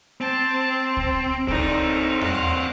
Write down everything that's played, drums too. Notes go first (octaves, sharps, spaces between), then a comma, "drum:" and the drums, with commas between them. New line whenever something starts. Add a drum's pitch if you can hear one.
C4 A5
drum: kick C#2
C4 D4 D#4 A4, drum: kick C#2
F5 F#5, drum: tom E2